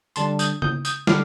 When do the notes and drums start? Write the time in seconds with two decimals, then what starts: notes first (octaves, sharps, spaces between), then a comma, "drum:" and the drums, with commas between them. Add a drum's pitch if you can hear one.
0.16 D3 G3 D4 A5 C6, drum: tambourine
0.39 D#6 G6, drum: tambourine
0.62 D#6 G6, drum: tom C#3
0.85 D#6 G6, drum: tambourine
1.07 D3 G3 D4 D6 F6, drum: snare